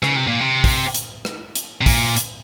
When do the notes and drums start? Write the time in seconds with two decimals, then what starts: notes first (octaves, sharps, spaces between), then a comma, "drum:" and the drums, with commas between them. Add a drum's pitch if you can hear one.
0.03 C#3, drum: rim click
0.16 C3
0.27 A#2
0.40 C3
0.64 drum: kick, open hi-hat
0.94 drum: hi-hat
1.25 drum: rim click
1.55 drum: hi-hat
1.81 C3
1.86 A#2, drum: kick, open hi-hat
2.16 drum: hi-hat